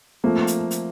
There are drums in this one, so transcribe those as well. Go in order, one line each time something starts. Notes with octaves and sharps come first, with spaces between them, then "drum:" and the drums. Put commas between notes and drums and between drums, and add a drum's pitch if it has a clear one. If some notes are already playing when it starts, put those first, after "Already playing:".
F3 A3 A#3 C4
drum: hi-hat
drum: hi-hat